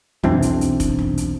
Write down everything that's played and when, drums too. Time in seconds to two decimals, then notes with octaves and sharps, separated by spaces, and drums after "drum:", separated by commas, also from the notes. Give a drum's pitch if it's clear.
0.24 B1 E3 C4 D4, drum: tom E2
0.42 drum: hi-hat
0.61 drum: hi-hat
0.80 drum: kick F1, hi-hat
0.99 drum: tom E2
1.17 drum: hi-hat